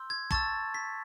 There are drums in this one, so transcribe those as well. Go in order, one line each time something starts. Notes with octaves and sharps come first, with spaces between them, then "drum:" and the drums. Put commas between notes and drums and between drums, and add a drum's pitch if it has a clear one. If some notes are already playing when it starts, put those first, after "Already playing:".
Already playing: C6 E6 G6
G#6
A5 C#6 E6 A6, drum: kick
B6